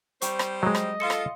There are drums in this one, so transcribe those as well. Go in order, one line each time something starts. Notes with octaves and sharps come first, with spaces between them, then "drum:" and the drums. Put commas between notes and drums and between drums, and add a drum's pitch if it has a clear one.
G3 C4 C5 C#6, drum: hi-hat
drum: rim click
F#3 G#3 D#5
drum: rim click
F4 A4 F5 C6 C#7
drum: rim click